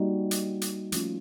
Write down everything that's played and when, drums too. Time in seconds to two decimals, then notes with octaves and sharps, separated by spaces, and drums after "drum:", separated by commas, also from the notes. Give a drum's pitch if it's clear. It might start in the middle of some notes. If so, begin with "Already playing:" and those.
Already playing: G3 A#3 D#4 F#4
0.31 drum: hi-hat
0.61 drum: hi-hat
0.92 F3 A3 C#4 F4, drum: hi-hat